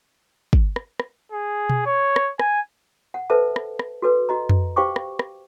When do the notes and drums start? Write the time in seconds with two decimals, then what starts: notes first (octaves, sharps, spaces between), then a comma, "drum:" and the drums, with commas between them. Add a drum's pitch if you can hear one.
0.53 drum: kick
0.76 drum: rim click
1.00 drum: rim click
1.32 G#4
1.70 drum: tom B2
1.86 C#5
2.16 drum: rim click
2.40 G#5, drum: rim click
3.14 F#5
3.30 A4 B4 C5 E5 A5
3.56 drum: rim click
3.79 drum: rim click
4.02 F#4 A4 B4
4.29 F#4 D#5 A#5
4.49 drum: tom F2
4.76 G4 C5 F5 G5 C#6 D6
4.96 drum: rim click
5.19 drum: rim click